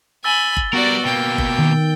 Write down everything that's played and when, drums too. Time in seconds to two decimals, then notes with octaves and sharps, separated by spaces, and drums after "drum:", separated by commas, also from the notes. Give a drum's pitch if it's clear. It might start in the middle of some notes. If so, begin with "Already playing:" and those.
0.24 G#5 B5 E6 A6 G7
0.57 drum: kick G1
0.73 G3 B3 F#4 A#4 D5
1.05 B2 A#3 G5
1.38 drum: kick G1
1.59 D#3